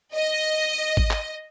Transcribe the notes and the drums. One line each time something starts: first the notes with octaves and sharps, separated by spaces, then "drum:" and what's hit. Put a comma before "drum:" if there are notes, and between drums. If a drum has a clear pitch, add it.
D#5
drum: kick G#1
drum: clap